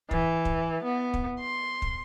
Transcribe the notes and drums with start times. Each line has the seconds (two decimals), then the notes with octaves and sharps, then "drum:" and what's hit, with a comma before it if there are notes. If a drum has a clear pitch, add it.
0.11 E3, drum: kick
0.45 drum: kick
0.84 B3
1.14 drum: kick
1.40 C6
1.82 drum: kick